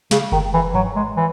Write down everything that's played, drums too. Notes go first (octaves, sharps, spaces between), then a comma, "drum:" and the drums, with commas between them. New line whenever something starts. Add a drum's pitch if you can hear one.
C#3, drum: snare
D#3, drum: kick F#1
E3
F#3, drum: tom G2
G#3
E3